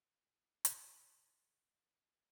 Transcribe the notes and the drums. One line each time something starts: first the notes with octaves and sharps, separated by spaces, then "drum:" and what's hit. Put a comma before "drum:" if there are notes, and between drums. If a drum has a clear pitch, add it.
drum: hi-hat
D#3 D#4 F#4